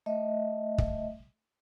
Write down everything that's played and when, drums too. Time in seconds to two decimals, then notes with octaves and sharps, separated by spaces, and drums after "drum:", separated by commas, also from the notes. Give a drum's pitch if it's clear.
0.06 A3 D#5 E5
0.78 drum: kick